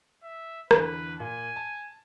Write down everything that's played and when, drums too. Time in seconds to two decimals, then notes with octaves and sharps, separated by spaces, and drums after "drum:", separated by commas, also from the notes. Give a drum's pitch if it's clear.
0.23 E5
0.71 E2 D3 E3 B4, drum: rim click
1.20 A#2 G#5
1.56 A5